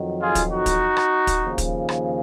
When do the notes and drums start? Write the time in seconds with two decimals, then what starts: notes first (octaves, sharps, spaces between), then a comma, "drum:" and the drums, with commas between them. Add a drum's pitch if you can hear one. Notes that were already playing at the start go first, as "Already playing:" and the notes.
Already playing: F2 D#3 F#3
0.20 F4 G#4
0.35 drum: kick, hi-hat
0.51 D#4 F#4
0.66 drum: kick, hi-hat
0.97 drum: rim click
1.27 drum: kick, hi-hat
1.42 D#2 C#3 F3
1.58 drum: kick, hi-hat
1.89 drum: rim click